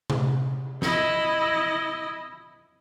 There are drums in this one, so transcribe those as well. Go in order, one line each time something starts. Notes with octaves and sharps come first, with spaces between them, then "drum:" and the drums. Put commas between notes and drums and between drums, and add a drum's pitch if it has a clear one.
drum: tom C3
E4 D#5, drum: snare